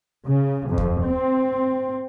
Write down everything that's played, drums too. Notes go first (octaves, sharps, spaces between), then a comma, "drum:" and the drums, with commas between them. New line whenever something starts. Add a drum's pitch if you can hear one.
C#3
F2
drum: kick D#2
C4